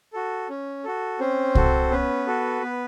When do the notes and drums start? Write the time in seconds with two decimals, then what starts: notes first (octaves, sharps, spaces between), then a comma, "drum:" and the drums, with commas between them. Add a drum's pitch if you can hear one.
0.13 F#4 A4
0.49 C#4
0.84 F#4 A4
1.19 C4 C#4 C5
1.55 F#4 A4, drum: kick C2
1.91 B3 C#4 B4
2.27 F#4 A4
2.62 B3